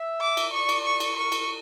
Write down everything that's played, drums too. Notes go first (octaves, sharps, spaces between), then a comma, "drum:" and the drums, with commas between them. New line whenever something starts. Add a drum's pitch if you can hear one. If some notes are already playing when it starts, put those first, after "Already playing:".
Already playing: E5
D6
drum: cymbal
D5 C#6
drum: cymbal
C#6
drum: cymbal
A#4 C#6
drum: cymbal